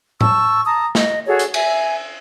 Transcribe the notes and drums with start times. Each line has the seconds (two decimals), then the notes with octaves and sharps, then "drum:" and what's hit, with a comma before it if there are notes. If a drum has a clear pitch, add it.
0.21 A5 C#6 E6, drum: tom A2
0.66 A5 A#5 D#6
0.95 D#5, drum: snare
1.27 F#4 G#4 A4 C#5
1.39 drum: hi-hat
1.54 E5 G#5, drum: cymbal